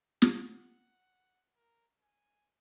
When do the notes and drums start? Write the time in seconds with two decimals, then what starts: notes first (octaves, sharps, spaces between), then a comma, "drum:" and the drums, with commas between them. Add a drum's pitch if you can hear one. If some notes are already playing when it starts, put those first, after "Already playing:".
0.22 F#5, drum: snare
1.56 A#4
1.99 G#5